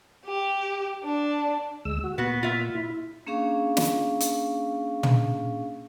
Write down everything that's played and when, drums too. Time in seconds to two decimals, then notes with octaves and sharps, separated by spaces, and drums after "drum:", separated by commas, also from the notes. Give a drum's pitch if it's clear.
0.25 G4
1.03 D4
1.85 D2 G#3 E6
2.04 F#4
2.18 A#2 B3 F#4
2.43 F4 E5
2.75 E4
3.27 A#3 C#4 D4 G#4 F5 C#6
3.77 drum: snare
4.20 drum: hi-hat
5.03 drum: tom